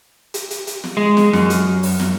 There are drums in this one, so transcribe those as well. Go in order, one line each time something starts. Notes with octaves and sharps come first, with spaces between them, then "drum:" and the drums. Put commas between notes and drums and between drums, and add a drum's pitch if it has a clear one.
drum: hi-hat
drum: hi-hat
drum: hi-hat
drum: snare
G#3
drum: snare
F#2, drum: snare
drum: hi-hat
drum: open hi-hat
drum: snare